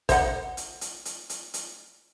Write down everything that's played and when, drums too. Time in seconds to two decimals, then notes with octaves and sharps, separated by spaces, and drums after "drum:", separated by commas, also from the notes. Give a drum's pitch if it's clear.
0.09 C5 D#5 F#5, drum: kick A1, hi-hat
0.57 drum: hi-hat
0.81 drum: hi-hat
1.05 drum: hi-hat
1.29 drum: hi-hat
1.54 drum: hi-hat